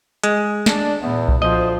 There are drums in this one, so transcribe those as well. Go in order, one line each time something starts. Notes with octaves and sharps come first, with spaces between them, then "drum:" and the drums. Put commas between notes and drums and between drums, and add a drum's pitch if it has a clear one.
G#3, drum: hi-hat
D4, drum: snare
E2 A#2 B3
drum: kick B1
D2 F3 C5 D#5